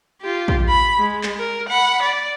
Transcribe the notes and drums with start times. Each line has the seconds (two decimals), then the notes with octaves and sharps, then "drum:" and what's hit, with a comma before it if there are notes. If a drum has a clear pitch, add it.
0.21 F4 G4
0.48 drum: kick
0.69 B5
0.98 G#3
1.23 drum: clap
1.38 A#4
1.68 F#5 B5
2.02 D5